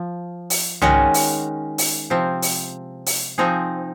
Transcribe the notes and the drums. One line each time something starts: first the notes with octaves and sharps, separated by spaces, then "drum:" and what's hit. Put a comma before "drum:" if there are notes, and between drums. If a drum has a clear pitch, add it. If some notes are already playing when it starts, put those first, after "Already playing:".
Already playing: F3
drum: open hi-hat
D#3 G#3 C#4 F#4, drum: tom C2
drum: open hi-hat
drum: open hi-hat
C3 F3 C4
drum: open hi-hat
drum: open hi-hat
F3 C4 D#4 G#4